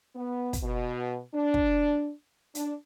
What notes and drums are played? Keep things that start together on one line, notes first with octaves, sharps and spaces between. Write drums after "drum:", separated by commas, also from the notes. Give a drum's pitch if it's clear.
B3
drum: kick, hi-hat
B2
D4
drum: kick
D4, drum: hi-hat